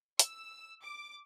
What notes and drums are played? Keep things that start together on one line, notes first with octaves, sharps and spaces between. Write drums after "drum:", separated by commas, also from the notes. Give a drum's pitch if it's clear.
E6, drum: hi-hat
D6